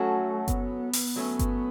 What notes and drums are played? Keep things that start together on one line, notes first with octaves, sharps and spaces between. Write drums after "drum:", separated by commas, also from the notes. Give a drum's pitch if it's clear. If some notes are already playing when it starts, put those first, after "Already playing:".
Already playing: F#3 A3 C#4 F#4 A4
B3, drum: kick G1, hi-hat
drum: open hi-hat
F#3 A3 C#4
drum: kick G1, hi-hat